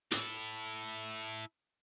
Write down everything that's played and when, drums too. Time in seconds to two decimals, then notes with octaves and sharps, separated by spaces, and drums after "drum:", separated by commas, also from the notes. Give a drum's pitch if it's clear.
0.12 E4 A4, drum: hi-hat